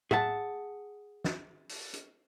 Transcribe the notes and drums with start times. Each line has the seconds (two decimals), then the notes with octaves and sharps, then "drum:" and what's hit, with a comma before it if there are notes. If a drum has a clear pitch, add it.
0.11 G#4 E5 F#5 A5, drum: tom
1.24 drum: snare
1.69 drum: open hi-hat
1.93 drum: hi-hat